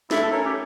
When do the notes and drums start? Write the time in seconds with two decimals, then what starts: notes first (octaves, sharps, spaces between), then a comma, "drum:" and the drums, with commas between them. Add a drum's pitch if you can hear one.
0.11 A3 E4, drum: snare
0.23 A4
0.32 C#4 A#4
0.45 G4